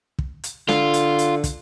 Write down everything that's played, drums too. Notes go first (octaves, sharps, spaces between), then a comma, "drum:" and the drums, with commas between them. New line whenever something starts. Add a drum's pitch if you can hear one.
drum: kick
drum: hi-hat
D3 F4, drum: snare
drum: hi-hat
drum: hi-hat
drum: kick, hi-hat